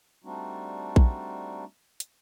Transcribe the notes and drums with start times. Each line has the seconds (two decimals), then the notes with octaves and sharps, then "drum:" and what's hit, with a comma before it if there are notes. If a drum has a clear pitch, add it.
0.24 G3 A3 C4 D4 D#4 F#4
0.96 drum: kick A#1
2.00 drum: hi-hat